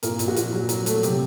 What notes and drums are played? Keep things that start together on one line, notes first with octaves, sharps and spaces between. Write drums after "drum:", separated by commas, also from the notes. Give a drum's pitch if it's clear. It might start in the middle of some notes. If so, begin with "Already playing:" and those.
A#2 A#4, drum: hi-hat
A#2, drum: hi-hat
F#4
A#2, drum: hi-hat
F#3
F#3, drum: hi-hat
A3, drum: hi-hat
C3 G4, drum: hi-hat